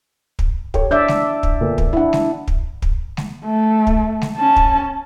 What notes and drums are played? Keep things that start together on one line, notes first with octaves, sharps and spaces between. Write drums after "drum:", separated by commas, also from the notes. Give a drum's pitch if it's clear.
drum: kick
G4 A4 C#5, drum: kick
D4 D5 E5 G6
drum: snare
drum: kick
A#2 D3 B3
drum: kick
D4 E4 E5 F#5
drum: snare
drum: kick
drum: kick
drum: snare
A3
drum: kick
drum: snare
C#4 A5
drum: kick